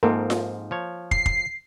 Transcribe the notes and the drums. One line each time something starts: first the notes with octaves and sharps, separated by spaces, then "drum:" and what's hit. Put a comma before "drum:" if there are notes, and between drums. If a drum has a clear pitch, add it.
G#2 F3 A#3 C4 A4 A#4
drum: snare F4
F3 C#5
C7, drum: kick
drum: kick